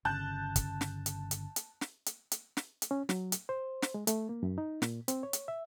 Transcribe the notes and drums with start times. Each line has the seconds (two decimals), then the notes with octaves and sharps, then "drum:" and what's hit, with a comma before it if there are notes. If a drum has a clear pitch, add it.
0.05 G1 C#3 A5 F#6 G6
0.56 drum: kick, hi-hat
0.81 drum: snare
1.06 drum: hi-hat
1.31 drum: hi-hat
1.56 drum: hi-hat
1.81 drum: snare
2.06 drum: hi-hat
2.32 drum: hi-hat
2.57 drum: snare
2.82 drum: hi-hat
2.91 C#4
3.09 F#3, drum: snare
3.32 drum: hi-hat
3.49 C5
3.82 drum: snare
3.94 G#3
4.07 A3, drum: hi-hat
4.29 A#3
4.43 F#2
4.58 D#4
4.82 A#2, drum: snare
5.08 C4, drum: hi-hat
5.23 C#5
5.33 drum: hi-hat
5.48 E5